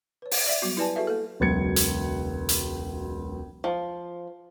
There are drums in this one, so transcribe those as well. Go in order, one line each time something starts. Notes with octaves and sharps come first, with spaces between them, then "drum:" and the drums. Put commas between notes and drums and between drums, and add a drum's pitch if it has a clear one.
B4 C#5
drum: open hi-hat
D5 E5
F#3 G3 B3 F#4
E4 G4 B4 D5 G#5 A5
F#4 G#4 A4 B4 E5 F5
A#3 A4
E1 C#2 F#3 G#6 C#7
drum: hi-hat
drum: hi-hat
F3